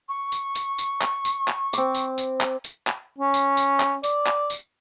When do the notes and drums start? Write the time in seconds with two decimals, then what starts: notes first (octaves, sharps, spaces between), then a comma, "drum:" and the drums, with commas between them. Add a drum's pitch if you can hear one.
0.09 C#6
0.32 drum: tambourine
0.55 drum: tambourine
0.78 drum: tambourine
1.02 drum: clap
1.25 drum: tambourine
1.48 drum: clap
1.73 C4 D6, drum: tambourine
1.95 drum: tambourine
2.18 drum: tambourine
2.41 drum: clap
2.64 drum: tambourine
2.87 drum: clap
3.18 C#4
3.34 drum: tambourine
3.57 drum: tambourine
3.80 drum: clap
4.03 D5, drum: tambourine
4.27 drum: clap
4.50 drum: tambourine